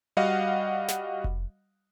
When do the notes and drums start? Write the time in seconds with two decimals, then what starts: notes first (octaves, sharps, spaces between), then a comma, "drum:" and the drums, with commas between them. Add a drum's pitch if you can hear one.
0.17 G3 F#4 D#5 F5 F#5
0.88 drum: snare
1.24 drum: kick F1